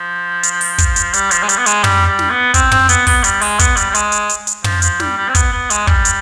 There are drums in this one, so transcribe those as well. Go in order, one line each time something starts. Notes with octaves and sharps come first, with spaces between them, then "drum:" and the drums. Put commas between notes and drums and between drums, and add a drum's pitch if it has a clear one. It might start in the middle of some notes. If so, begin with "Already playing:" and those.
Already playing: F3
drum: hi-hat
drum: open hi-hat
drum: kick, hi-hat
drum: hi-hat
G3, drum: hi-hat
F3, drum: hi-hat
G#3
G3, drum: hi-hat
B3
G#3, drum: hi-hat
G3, drum: tom
G3
drum: snare
B3
C4, drum: kick, hi-hat
C4, drum: tom
B3, drum: hi-hat
B3, drum: kick, open hi-hat
G3, drum: hi-hat
G#3, drum: open hi-hat
B3, drum: kick, hi-hat
G3, drum: hi-hat
G3
G#3, drum: hi-hat
drum: hi-hat
drum: hi-hat
drum: hi-hat
F3, drum: tom
F3, drum: hi-hat
G3, drum: snare
G3
C4
B3, drum: kick, hi-hat
B3
G#3, drum: hi-hat
G3, drum: kick
drum: hi-hat